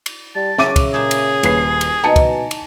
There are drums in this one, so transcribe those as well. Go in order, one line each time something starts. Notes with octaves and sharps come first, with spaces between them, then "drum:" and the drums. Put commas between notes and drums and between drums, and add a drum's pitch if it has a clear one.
drum: cymbal
G3 A5
C#3 F#3 C#4 F#4 E5 D6 D#7, drum: snare
drum: kick, cymbal
A#2 G4 G#4 A5
drum: cymbal
D#1 B4 C7, drum: cymbal
drum: cymbal
B2 D#4 G#5 A5 C#7
drum: kick, cymbal
drum: cymbal